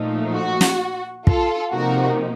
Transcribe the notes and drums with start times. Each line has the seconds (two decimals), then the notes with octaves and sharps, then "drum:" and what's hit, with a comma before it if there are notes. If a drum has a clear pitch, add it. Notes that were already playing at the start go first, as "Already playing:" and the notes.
Already playing: A#2 F3 A3 D#4
0.33 F#4
0.61 drum: snare
1.27 F4 A4, drum: kick
1.73 C3 F3 A#3 D#4 F#4 A#4